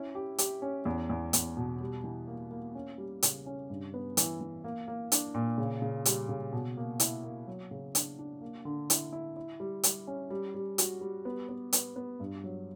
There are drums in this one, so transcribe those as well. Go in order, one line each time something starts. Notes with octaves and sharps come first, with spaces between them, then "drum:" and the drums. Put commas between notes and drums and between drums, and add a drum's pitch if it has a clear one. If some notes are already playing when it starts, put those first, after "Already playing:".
Already playing: C#4 E4
G4
G4, drum: hi-hat
C#4
E2
E2
E2, drum: hi-hat
B2
G3
E3
A#3
A#3
C#4
G3
C#3, drum: hi-hat
C#4
G2
B3
E3, drum: hi-hat
E3
A#3
A#3
D4, drum: hi-hat
A#2
C#3
C#3
G3, drum: hi-hat
C#3
B2
A#3
E4, drum: hi-hat
A#3
F#3
C#3
D4, drum: hi-hat
D4
A#3
D3
E4, drum: hi-hat
E4
E4
G3
G3, drum: hi-hat
C#4
G3
G3
F#4, drum: hi-hat
G3
B3
B3
B3, drum: hi-hat
B3
G2
F#3